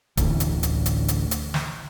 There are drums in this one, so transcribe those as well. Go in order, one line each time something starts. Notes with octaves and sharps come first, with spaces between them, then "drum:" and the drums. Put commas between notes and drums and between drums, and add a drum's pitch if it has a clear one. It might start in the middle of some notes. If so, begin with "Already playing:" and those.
D1 A1 D2 A2, drum: kick D#1, hi-hat
drum: hi-hat
drum: hi-hat
drum: hi-hat
drum: hi-hat
drum: hi-hat
drum: snare